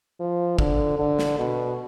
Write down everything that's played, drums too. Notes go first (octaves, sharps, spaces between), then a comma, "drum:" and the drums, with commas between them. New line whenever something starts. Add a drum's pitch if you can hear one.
F3
D3, drum: kick
D3
drum: snare
B2